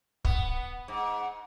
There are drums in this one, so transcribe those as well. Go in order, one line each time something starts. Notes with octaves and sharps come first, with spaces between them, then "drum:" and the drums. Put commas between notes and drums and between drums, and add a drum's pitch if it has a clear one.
B3, drum: kick
G#2